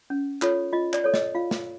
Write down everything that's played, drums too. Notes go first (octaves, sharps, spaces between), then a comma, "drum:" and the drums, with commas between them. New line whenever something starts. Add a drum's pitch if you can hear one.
C#4
F4 A4 C#5, drum: clap
F4 D#5
D5, drum: clap
A4 C#5
D#5, drum: snare
F4 F5
drum: snare